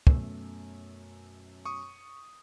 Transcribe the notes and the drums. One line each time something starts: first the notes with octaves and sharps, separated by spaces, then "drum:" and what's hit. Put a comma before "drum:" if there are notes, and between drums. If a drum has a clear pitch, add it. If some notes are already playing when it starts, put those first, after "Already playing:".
F#2 B2 A3, drum: kick
C#6 D#6